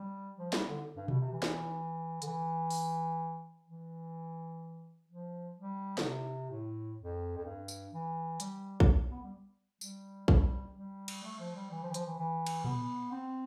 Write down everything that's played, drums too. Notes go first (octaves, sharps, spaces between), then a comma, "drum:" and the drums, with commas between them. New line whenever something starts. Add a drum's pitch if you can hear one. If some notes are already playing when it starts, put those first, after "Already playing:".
Already playing: G3
F3
G3, drum: snare
D3
G2
B2, drum: tom B2
C3
E3
drum: snare
D3, drum: hi-hat
E3
drum: open hi-hat
E3
F3
G3
D3, drum: snare
C3
A2
F2
F2
G2
drum: tambourine
E3
G3, drum: hi-hat
drum: kick
B3
G3
G3, drum: tambourine
G3, drum: kick
G3
drum: cymbal
A3
F3
G3
E3
F3
E3
F3, drum: hi-hat
E3
E3
drum: cymbal
B3, drum: tom A#2
C4